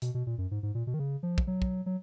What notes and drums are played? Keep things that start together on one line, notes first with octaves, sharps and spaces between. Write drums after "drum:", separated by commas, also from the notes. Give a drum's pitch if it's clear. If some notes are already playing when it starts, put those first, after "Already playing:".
B2, drum: hi-hat
B2
A#2
F#2
G#2
G#2
A#2
B2
D#3
C#3
F3
drum: kick
F#3
drum: kick
F#3